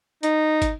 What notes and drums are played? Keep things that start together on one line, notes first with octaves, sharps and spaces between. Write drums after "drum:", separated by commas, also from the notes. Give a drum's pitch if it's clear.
D#4, drum: hi-hat
drum: kick, hi-hat